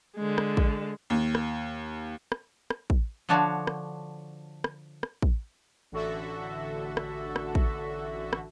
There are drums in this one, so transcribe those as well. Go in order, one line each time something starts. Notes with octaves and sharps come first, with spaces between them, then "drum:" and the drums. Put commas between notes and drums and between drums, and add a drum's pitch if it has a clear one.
D3 G#3
drum: rim click
drum: kick
D#2
drum: rim click
drum: rim click
drum: rim click
drum: kick
D3 F3 D4 F#4 C#5
drum: rim click
drum: rim click
drum: rim click
drum: kick
A1 D3 F#4 A4 E5
drum: rim click
drum: rim click
drum: kick
drum: rim click